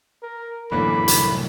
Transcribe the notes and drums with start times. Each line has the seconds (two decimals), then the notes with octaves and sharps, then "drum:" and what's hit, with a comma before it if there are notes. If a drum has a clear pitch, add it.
0.23 A#4
0.72 F#2 A2 D3 E3 A#3 B5
1.08 C2 F#2 A2, drum: hi-hat